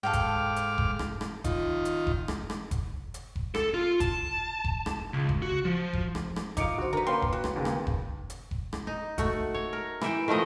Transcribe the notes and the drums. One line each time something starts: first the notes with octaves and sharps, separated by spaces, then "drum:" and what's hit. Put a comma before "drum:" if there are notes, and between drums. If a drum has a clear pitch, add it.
G#2 A4 F5 G5 D6 F6
drum: kick F1, hi-hat
drum: hi-hat
drum: kick F1
drum: rim click
drum: rim click
D#3 D#4 F4, drum: kick F1, hi-hat
drum: hi-hat
drum: kick F1
drum: rim click
drum: rim click
drum: kick F1, hi-hat
drum: hi-hat
drum: kick F1
A4, drum: rim click
F4
A5, drum: kick F1, hi-hat
drum: kick F1
drum: rim click
C#2
drum: kick F1
F#4
F3
drum: kick F1
drum: rim click
drum: rim click
A#1 F3 D#4 F5 D6 D#6 C#7 D7, drum: kick F1, hi-hat
D3 F#4 C5
D3 D4 A#4 B4
A#3 C#4 B4 C#5 F5 G5 C6
drum: kick F1
F#4
drum: rim click
D#2 C#3 A#3
drum: rim click
drum: kick F1
drum: hi-hat
drum: kick F1
drum: rim click
D#4
A3 F#4, drum: kick F1, hi-hat
C#5
A#4
E3 E5 G5, drum: rim click
D#3 F3 A3 D#5